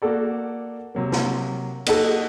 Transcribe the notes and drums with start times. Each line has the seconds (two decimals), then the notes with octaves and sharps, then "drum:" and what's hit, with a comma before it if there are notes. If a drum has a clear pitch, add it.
0.02 A#3 F#4 A4 D5
0.95 C3 F#3 A#3
1.12 drum: snare
1.86 A#3 D#4 F#4 A4, drum: cymbal